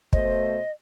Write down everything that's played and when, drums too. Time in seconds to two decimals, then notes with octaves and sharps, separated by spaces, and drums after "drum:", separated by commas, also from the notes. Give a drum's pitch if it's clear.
0.13 B2 A3 C5 D#5, drum: kick